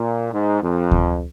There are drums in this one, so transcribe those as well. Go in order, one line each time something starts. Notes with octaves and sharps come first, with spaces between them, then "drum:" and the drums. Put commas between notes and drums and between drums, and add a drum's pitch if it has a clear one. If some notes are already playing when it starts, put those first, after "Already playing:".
Already playing: A#2
G#2
F2
drum: kick D2